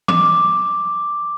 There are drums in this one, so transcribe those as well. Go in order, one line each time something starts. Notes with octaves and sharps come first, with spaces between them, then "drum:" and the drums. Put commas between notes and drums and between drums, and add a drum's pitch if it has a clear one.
D6, drum: tom E3